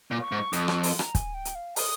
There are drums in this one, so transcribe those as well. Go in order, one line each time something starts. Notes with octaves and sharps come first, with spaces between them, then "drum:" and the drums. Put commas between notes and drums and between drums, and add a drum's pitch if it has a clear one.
A#2
C#6
G#2
F2 D#6, drum: hi-hat
C#6, drum: rim click
C6, drum: open hi-hat
A#5, drum: rim click
G#5, drum: kick, hi-hat
G5
drum: hi-hat
F5
D#6, drum: open hi-hat